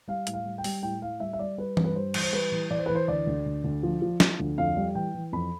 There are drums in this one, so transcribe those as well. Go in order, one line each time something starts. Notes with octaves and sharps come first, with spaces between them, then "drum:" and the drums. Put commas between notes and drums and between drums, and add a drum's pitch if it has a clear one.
G3 F5
A2, drum: hi-hat
F5
G3
G5
G3, drum: open hi-hat
A2 G5
A2 F5
G3 E5
E5
G3 D5
G3 B4
G2, drum: tom E3
B4
G3 C5
E3, drum: cymbal
C5
G3 B4
E3
E3 D5
C5
B4
E3
C5
D2 D5
D2
D2
D2
F3
F3
F3, drum: snare
D2
F2 F5
G3
E3 G5
E3
F2 B5